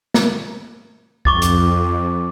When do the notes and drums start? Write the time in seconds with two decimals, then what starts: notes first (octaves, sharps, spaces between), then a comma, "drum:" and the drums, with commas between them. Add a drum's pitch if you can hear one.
0.14 drum: snare
1.25 F2 C#6 D6 A6, drum: kick C2
1.42 drum: hi-hat